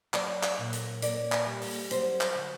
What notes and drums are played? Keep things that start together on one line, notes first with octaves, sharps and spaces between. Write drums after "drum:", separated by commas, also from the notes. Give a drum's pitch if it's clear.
F#3 D5, drum: clap
drum: clap
A#2
drum: hi-hat
A#3 D5, drum: hi-hat
drum: clap
G3
drum: open hi-hat
F#3 C5, drum: hi-hat
drum: clap
D3